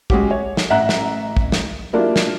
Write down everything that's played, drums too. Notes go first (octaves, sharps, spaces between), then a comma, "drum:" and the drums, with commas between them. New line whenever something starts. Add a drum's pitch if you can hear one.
G#3 C#4 F#4 G4, drum: kick
C#5
drum: snare
A1 E5 F#5 A#5 F#6
drum: snare
drum: kick
drum: snare
F#3 A#3 D4 E4 F4 G4
drum: snare